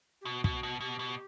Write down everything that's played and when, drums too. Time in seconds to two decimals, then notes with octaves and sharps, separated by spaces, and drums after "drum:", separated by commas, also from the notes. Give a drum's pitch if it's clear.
0.21 G4
0.25 B2 F#4
0.44 B2, drum: kick
0.63 B2
0.81 B2 G4
0.99 B2